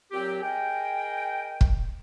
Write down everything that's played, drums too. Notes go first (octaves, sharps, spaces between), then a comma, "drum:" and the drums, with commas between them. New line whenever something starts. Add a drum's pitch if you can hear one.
A#2 F#3 C4 G4
G#4 A#4 D#5 G5
drum: kick